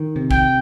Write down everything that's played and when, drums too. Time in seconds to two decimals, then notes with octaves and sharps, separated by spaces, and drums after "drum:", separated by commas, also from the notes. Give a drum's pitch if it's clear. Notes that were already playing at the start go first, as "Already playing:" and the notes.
Already playing: D#3
0.16 C3
0.31 G5, drum: kick